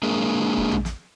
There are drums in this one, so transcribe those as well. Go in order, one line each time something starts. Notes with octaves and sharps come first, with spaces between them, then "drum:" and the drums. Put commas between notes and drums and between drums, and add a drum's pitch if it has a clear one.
G#3 A#3 D4 G#4 A#4
drum: kick F1
drum: tom
drum: snare